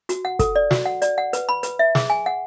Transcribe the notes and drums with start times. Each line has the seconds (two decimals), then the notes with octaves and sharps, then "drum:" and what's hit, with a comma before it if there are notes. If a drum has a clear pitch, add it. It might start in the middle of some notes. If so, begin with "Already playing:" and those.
0.09 F#4, drum: hi-hat
0.25 F#5
0.39 A4, drum: kick, hi-hat
0.56 D5
0.71 F#4, drum: snare
0.86 F#5
1.02 D5, drum: hi-hat
1.18 F#5
1.33 B4, drum: hi-hat
1.49 B5
1.63 B4, drum: hi-hat
1.79 E5
1.95 G#4, drum: snare
2.10 G#5
2.26 F#5